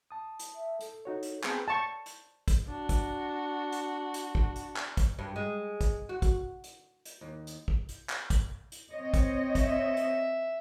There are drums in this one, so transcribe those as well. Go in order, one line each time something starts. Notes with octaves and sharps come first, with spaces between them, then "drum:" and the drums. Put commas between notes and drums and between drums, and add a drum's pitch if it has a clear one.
A5 D#6
drum: hi-hat
E5
A4, drum: hi-hat
D#4 F#4 C#5
drum: hi-hat
B3 C4 G#4 G5 A5, drum: clap
A5 C#6
drum: hi-hat
drum: kick, hi-hat
D4 F#4
drum: kick, hi-hat
drum: hi-hat
drum: hi-hat
drum: kick
drum: hi-hat
drum: clap
drum: kick, hi-hat
G2
G#3
drum: kick, hi-hat
F#4
drum: kick, hi-hat
drum: hi-hat
drum: hi-hat
D#2
drum: hi-hat
drum: kick
drum: hi-hat
drum: clap
drum: kick, hi-hat
drum: hi-hat
C4 C#5 D#5
drum: kick, hi-hat
E5, drum: kick, hi-hat
drum: hi-hat